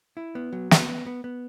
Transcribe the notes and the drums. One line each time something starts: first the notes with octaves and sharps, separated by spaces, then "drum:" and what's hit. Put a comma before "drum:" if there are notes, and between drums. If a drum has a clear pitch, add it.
E4
B3
F#3
B3, drum: snare
B3
B3
B3